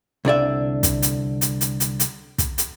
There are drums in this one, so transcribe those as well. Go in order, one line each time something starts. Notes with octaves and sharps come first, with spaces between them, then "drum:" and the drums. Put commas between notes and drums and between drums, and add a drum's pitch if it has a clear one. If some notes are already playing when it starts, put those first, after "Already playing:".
C2 D3 D5 E5
drum: kick, hi-hat
drum: hi-hat
drum: hi-hat
drum: hi-hat
drum: hi-hat
drum: hi-hat
drum: kick, hi-hat
drum: hi-hat